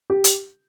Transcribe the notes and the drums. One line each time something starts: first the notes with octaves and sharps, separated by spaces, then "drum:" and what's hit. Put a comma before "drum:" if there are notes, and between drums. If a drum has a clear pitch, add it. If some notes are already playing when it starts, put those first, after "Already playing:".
G4
drum: hi-hat